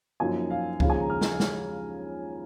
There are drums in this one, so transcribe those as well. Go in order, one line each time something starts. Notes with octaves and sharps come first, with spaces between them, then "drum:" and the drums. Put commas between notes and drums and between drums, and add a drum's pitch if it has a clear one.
F#2 F3 A#3 D#4 G#5
F5
D#2 C#3 F3 G#3 F5, drum: kick C#2
G#5
A#5
F6
drum: snare
drum: snare